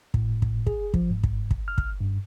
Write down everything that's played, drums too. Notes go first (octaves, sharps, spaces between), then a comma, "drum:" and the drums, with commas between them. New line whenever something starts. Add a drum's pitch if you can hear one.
A2, drum: kick
drum: kick
G#4, drum: kick
F3, drum: kick
G#2
drum: kick
drum: kick
F6
drum: kick
G2